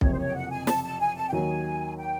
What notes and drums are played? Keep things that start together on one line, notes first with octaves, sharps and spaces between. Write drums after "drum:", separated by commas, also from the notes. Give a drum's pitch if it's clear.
F#1 F2 C3 C#5, drum: kick B1
C5
C#5
G5
F#5
G#5
A5, drum: snare
A5
G#5
A5
G5
D#2 D#3 F#3 G#5
G5